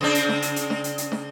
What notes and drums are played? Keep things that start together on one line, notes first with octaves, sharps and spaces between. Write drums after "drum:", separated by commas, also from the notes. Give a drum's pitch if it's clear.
C#3 C4 D4
drum: hi-hat
drum: snare
drum: hi-hat
drum: hi-hat
drum: snare
drum: hi-hat
drum: hi-hat
drum: snare